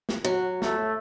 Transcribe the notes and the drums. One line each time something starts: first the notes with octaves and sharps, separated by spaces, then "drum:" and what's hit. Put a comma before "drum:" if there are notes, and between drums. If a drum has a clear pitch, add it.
drum: snare
F#3 F#4
A3, drum: snare